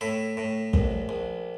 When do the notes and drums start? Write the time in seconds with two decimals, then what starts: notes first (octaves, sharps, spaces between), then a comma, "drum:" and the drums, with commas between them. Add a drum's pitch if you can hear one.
0.01 A2 E4
0.37 A2
0.73 A#1, drum: kick
1.09 A#1